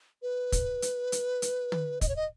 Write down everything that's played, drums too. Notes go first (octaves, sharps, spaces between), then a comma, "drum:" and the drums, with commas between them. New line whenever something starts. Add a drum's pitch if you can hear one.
B4
drum: kick, hi-hat
drum: hi-hat
drum: hi-hat
drum: hi-hat
drum: tom
D#5, drum: kick, hi-hat
C#5
D#5